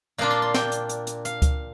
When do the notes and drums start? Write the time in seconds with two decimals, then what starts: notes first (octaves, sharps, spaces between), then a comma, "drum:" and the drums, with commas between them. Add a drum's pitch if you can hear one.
0.18 A#2 A#3 D4 F4 F5
0.31 C6
0.42 C6
0.54 G5, drum: snare
0.72 drum: hi-hat
0.89 drum: hi-hat
1.07 drum: hi-hat
1.25 F5, drum: hi-hat
1.42 drum: kick C#2, hi-hat